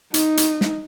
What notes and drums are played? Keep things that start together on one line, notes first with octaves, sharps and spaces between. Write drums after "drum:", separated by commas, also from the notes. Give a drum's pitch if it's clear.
D#4, drum: hi-hat
drum: hi-hat
drum: snare